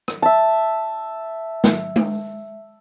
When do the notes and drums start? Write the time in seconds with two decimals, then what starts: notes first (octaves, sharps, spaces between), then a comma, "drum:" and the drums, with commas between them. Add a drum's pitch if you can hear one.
0.08 drum: rim click
0.22 E5 A5
1.64 drum: snare
1.96 drum: tom G#3